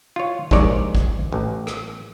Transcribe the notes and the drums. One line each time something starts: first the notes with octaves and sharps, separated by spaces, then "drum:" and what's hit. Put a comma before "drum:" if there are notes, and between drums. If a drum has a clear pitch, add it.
F4 C#5
A#1 G#2 C3 D#4 C#5 D5, drum: kick
drum: kick
A1
drum: rim click